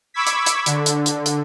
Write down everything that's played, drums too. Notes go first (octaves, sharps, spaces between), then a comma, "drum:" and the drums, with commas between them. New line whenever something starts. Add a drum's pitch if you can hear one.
B5 C#6 D6 E6 G#6 B6
drum: hi-hat
drum: hi-hat
D3, drum: hi-hat
drum: hi-hat
drum: hi-hat
drum: hi-hat